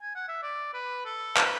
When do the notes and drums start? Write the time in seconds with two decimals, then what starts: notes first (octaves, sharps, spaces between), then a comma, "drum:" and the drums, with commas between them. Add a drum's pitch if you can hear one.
0.02 G#5
0.15 F#5
0.29 E5
0.43 D5
0.74 B4
1.05 A4
1.36 B4, drum: clap